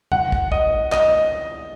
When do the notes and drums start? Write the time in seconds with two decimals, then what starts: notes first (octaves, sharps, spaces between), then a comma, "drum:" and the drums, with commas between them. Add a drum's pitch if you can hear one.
0.12 F#5, drum: tom E2
0.32 drum: kick
0.52 D#5, drum: kick
0.92 D#5, drum: clap